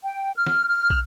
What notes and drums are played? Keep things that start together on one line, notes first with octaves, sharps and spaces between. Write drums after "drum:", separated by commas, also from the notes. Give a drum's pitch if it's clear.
G5
F6
drum: snare
F6
drum: kick